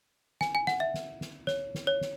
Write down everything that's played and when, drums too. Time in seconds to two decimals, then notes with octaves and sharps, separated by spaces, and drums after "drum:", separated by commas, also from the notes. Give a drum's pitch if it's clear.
0.41 G#5, drum: snare
0.55 G#5
0.67 F#5, drum: snare
0.80 E5
0.94 drum: snare
1.21 drum: snare
1.47 C#5, drum: snare
1.74 drum: snare
1.87 C#5
2.01 drum: snare